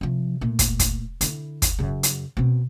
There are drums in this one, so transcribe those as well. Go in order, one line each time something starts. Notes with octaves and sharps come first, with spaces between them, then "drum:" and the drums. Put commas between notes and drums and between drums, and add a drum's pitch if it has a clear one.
C3 F3
A#2 A3
drum: kick, hi-hat
drum: kick, hi-hat
D3 E4, drum: hi-hat
drum: kick, hi-hat
F#2 C#3
drum: hi-hat
B2 C4